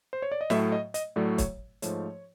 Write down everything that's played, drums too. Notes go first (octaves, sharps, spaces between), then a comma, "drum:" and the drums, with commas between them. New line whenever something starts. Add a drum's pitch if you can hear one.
C5
C#5
D5
D#5
A2 F#3 A3 E5, drum: snare
D#5
D#5, drum: hi-hat
A2 F#3 A3 D5
C#5, drum: kick, hi-hat
G#2 F3 A3 C#5, drum: hi-hat